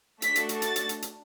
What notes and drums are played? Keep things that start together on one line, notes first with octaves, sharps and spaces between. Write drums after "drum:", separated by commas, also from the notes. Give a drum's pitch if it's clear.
A3 D4 F#4 A4 B6, drum: hi-hat
drum: hi-hat
drum: hi-hat
A6, drum: hi-hat
drum: hi-hat
drum: hi-hat
drum: hi-hat